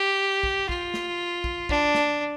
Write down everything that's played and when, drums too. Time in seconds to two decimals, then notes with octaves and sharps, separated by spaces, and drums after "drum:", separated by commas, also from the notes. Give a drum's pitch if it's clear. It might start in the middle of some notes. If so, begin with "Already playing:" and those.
Already playing: G4
0.43 drum: kick
0.69 F4, drum: kick
0.94 drum: snare
1.44 drum: kick
1.69 D4, drum: kick
1.94 drum: snare